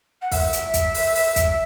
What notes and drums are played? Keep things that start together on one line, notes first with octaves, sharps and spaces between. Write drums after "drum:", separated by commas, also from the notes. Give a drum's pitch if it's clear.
F#5
E5, drum: kick, open hi-hat
drum: hi-hat
drum: kick, hi-hat
drum: open hi-hat
drum: open hi-hat
drum: kick, hi-hat